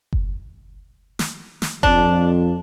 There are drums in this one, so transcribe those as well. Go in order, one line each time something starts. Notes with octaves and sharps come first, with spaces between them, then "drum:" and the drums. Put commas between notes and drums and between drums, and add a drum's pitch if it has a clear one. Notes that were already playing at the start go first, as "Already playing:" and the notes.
drum: kick F#1
drum: snare
drum: snare
F2 D4, drum: kick F#1